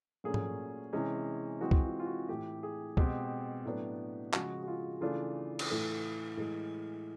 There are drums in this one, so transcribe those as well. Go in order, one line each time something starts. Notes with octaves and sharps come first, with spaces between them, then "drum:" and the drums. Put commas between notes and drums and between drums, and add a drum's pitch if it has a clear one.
A#2 F#3 A3 C#4 G#4
drum: tom G#2
C3 E3 G#3 C#4
E3 G#3 C4 F#4
drum: kick C2
F4
F4
F#4
A2 E3 A3 G4
G#4
B2 G#3 C4 G4, drum: kick C2
A2 F#3 B3 D4
C#3 F3 G#3 F#4, drum: clap
F#4
F4
C#3 E3 A3 D4 F4
drum: cymbal
A2 E3 A3
A2 E3 G#3